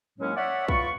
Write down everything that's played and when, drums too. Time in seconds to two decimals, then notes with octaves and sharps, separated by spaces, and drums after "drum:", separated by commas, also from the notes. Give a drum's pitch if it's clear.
0.19 D#2 A2 F#3 G#3 A#3 C#4
0.36 C#5 D5 E5 F#5
0.68 F4 B4 D5 B5 C#6, drum: kick